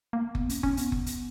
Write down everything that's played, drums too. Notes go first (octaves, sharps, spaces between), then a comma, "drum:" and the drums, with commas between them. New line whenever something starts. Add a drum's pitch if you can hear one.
A#3
B3, drum: kick F#1
C#4, drum: hi-hat
C#4, drum: kick F#1
B3, drum: hi-hat
drum: kick F#1
drum: hi-hat